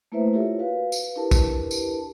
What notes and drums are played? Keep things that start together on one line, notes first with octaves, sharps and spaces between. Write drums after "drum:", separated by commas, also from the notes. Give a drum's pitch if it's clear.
A3 A#3 E4 B4 C5 E5
E4 F4 G4 A4 A#4 C#5
F#4 B4 F5
drum: tambourine
D4 E4 G4 A#4 B4 A5
drum: kick, tambourine
drum: tambourine